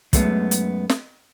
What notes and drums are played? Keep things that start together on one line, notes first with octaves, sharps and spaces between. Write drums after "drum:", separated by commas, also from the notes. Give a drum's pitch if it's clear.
F#2 G#3 A3 B3, drum: kick, hi-hat
drum: hi-hat
drum: snare